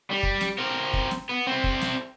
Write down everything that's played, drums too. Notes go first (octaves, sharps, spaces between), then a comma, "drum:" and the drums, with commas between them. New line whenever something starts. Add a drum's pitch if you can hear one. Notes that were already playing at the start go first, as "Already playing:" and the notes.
G3
drum: kick
drum: snare
C4 A#4
drum: kick
drum: snare
B3
C4 E4
drum: kick
drum: snare